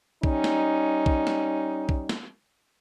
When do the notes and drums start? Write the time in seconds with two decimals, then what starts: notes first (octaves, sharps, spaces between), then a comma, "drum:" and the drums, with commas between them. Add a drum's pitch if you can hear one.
0.23 G3 C#4 D#4, drum: kick
0.44 drum: snare
1.06 drum: kick
1.27 drum: snare
1.89 drum: kick
2.09 drum: snare